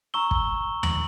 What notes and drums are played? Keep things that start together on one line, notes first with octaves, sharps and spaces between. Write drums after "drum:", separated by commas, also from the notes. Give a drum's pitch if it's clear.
A#5 C#6 E6 G7
drum: kick
F#7, drum: tom D#2